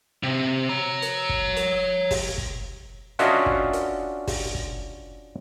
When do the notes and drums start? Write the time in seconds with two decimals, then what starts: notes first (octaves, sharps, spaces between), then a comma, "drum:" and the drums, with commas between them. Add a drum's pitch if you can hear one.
0.23 C3
0.69 C#5 A#5
1.02 drum: hi-hat
1.29 drum: kick
1.56 drum: hi-hat
2.11 drum: kick, open hi-hat
2.38 drum: kick
3.19 C#4 D4 F4 F#4 D#5 E5, drum: hi-hat
3.46 drum: kick
3.73 drum: hi-hat
4.27 drum: kick, open hi-hat
4.55 drum: kick